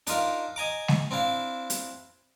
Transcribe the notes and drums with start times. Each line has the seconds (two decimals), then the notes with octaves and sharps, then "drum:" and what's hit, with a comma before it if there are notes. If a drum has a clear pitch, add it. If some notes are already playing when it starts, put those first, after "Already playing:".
0.07 D4 D#4 F4 A#4, drum: hi-hat
0.56 D#5 G#5 A#5 D6
0.88 drum: snare G#3
1.11 C4 D4 E4 F5
1.70 drum: hi-hat